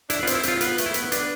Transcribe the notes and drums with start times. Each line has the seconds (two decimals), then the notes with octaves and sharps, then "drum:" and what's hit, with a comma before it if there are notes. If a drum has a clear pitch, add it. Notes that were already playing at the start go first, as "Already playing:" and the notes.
0.10 D4 E4, drum: hi-hat
0.22 B3 F4
0.27 C4, drum: hi-hat
0.35 E4
0.43 C4 F4, drum: hi-hat
0.61 B3 F4, drum: hi-hat
0.78 A3, drum: hi-hat
0.86 E4
0.94 B3, drum: hi-hat
1.12 B3 D4, drum: hi-hat